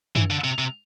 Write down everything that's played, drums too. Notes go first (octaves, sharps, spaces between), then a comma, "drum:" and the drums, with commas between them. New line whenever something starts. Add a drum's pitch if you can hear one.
E3, drum: tom F#2
D3
C3
C3